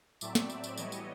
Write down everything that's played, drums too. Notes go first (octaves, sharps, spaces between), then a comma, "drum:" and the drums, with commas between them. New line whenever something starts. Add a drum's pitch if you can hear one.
A2 F#3 A3 C4 D5 E5, drum: tambourine
drum: snare
D5 E5, drum: tambourine
drum: tambourine
E3 G3 B3 C#5 D#5, drum: tambourine
drum: tambourine